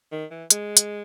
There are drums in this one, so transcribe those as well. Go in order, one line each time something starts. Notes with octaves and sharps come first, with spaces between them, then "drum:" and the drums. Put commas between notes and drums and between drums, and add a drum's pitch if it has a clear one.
D#3
E3
G#3, drum: hi-hat
drum: hi-hat